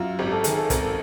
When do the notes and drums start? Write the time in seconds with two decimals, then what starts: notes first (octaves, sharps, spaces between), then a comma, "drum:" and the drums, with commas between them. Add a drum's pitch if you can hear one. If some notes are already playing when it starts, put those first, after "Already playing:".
Already playing: F#2 F4
0.19 G#1 G4
0.32 A4
0.44 D#3 G#4, drum: hi-hat
0.57 A4
0.70 G#1 A#4, drum: kick, hi-hat
0.83 A4